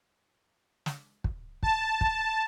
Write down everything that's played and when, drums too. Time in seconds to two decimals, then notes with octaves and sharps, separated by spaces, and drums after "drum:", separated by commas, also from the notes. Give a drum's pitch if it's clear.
0.86 drum: snare
1.24 drum: kick
1.63 A5, drum: kick
2.01 drum: kick